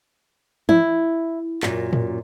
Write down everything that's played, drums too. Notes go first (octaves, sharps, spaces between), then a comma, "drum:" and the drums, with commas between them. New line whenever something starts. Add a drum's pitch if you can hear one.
E4, drum: tom E3
F#2 A#2, drum: clap
drum: tom A2